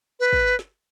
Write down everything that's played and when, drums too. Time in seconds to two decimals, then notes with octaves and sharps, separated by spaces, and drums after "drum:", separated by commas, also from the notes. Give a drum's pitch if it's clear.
0.20 B4
0.33 drum: kick
0.59 drum: snare